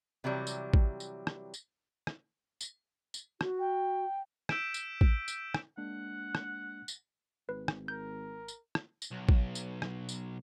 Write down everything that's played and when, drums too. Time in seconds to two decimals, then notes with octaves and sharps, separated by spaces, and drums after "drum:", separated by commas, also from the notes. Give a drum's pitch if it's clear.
0.24 C3 E3 F#3 G3
0.47 drum: tambourine
0.74 drum: kick A1
1.00 drum: tambourine
1.27 drum: rim click
1.54 drum: tambourine
2.07 drum: rim click
2.61 drum: tambourine
3.14 drum: tambourine
3.41 F#4, drum: rim click
3.59 G5
4.49 E6 G6 B6 D7 E7, drum: rim click
4.74 drum: tambourine
5.01 drum: kick A1
5.28 drum: tambourine
5.54 drum: rim click
5.78 G#3 A#3 D4 F#5
6.35 drum: rim click
6.88 drum: tambourine
7.49 G#1 B4
7.68 drum: rim click
7.88 A#4 G6
8.48 drum: tambourine
8.75 drum: rim click
9.02 drum: tambourine
9.12 B1
9.29 drum: kick A1
9.55 drum: tambourine
9.82 drum: rim click
10.09 drum: tambourine